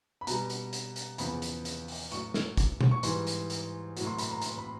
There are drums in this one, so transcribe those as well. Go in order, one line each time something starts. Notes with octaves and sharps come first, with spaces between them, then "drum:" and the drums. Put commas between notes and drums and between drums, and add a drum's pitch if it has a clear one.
B5
B2 G3 A#5, drum: hi-hat
drum: hi-hat
drum: hi-hat
drum: hi-hat
E2 C#3 F3 B5, drum: hi-hat
drum: hi-hat
drum: hi-hat
drum: open hi-hat
A2 F#3 C#6, drum: hi-hat
drum: snare
drum: kick, hi-hat
drum: tom B2
C#6
G#2 E3 G3 C6, drum: hi-hat
drum: hi-hat
drum: hi-hat
A2 F#3, drum: hi-hat
C6
B5, drum: hi-hat
A#5
C6, drum: hi-hat
B5